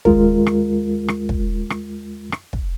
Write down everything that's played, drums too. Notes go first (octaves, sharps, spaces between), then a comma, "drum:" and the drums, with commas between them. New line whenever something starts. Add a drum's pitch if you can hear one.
D#2 G#3 F4 A#4, drum: kick
drum: rim click
drum: rim click
drum: kick
drum: rim click
drum: rim click
drum: kick